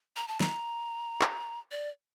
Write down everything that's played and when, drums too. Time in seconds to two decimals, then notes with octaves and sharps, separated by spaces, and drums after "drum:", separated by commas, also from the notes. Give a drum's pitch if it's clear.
0.16 A#5
0.28 A5
0.40 A#5, drum: snare
1.21 drum: clap
1.71 D5